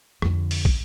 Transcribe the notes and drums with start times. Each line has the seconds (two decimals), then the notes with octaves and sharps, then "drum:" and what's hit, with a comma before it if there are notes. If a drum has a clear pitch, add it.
0.22 F2 D3, drum: rim click
0.51 drum: open hi-hat
0.65 drum: kick